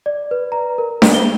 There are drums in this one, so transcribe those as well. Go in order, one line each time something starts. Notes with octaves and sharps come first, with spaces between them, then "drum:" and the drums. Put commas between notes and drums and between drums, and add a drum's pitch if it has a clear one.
D5
B4
A#5
A#4
drum: snare D4
G7